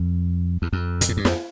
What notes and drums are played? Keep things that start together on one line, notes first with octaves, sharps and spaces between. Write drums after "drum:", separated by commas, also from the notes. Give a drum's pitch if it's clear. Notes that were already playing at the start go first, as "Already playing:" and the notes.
Already playing: F2
E2
F2
A#2, drum: hi-hat
A2
G2
F2, drum: snare